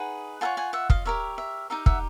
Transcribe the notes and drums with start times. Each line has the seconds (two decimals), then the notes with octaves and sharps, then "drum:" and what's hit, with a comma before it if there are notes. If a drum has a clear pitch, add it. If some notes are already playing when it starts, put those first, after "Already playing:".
Already playing: D#4 G#4 B4 F#5 G#5
0.41 F4 A4 C#5 F#5 G#5
0.57 F#5 G#5
0.73 E5 F#5
0.90 D#5 F5, drum: kick
1.05 G4 A#4 C#5 E5
1.38 E5
1.70 D#4 G4 A#4 E5
1.86 E5 F#5, drum: kick